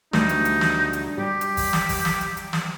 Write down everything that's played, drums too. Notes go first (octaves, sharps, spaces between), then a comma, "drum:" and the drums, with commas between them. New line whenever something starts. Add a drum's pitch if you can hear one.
D2 G3 D#4, drum: snare
drum: hi-hat
drum: hi-hat
drum: snare
drum: hi-hat
G3 G4
drum: hi-hat
drum: kick, open hi-hat
drum: snare
drum: kick, open hi-hat
drum: snare
drum: hi-hat
drum: hi-hat
drum: snare